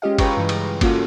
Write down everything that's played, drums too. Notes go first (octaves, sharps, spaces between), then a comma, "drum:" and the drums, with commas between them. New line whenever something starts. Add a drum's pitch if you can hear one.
G#3 C#4 F4 G4 D#5 F5
G#4 B4 G5 A#5 C#6, drum: kick, cymbal
G2 C#3 E3
drum: cymbal
A#3 C#4 F4 F#4 A4, drum: kick, cymbal